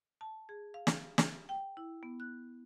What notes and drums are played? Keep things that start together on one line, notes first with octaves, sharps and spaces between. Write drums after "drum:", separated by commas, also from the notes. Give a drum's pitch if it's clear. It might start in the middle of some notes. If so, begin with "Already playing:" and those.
A5
G#4
F5
drum: snare
drum: snare
G5
E4
B3
F#6